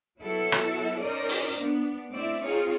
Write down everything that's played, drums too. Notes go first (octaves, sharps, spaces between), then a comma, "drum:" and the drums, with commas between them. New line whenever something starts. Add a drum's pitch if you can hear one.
F#3 B3 E4 F#4 A4
drum: rim click
C#4 D#4 A#4 C5 D5 D#5
drum: open hi-hat
B3 D4
A3 C4 E4 D5 E5
C4 D#4 F4 G#4 C#5